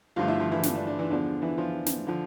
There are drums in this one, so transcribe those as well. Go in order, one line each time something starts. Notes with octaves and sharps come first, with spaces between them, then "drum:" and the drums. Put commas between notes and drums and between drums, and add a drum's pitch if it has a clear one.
G2 D3 F3 A3 F4 F5
E4 E5
F3 F4
E3 E4
E3 E4, drum: snare
D4
D4
E3 E4
E2 D3 F3 D4
E3 E4
F3 F4
drum: snare
D3 F3